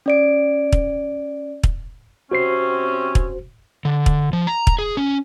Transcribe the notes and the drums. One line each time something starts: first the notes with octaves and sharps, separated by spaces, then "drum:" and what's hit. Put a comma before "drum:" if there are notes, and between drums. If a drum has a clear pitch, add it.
C#4 D5 D7
drum: kick
drum: kick
C3 C4 C#4 F#4 C5 C7
drum: kick
D3
drum: kick
F3
A#5
drum: kick
G#4
C#4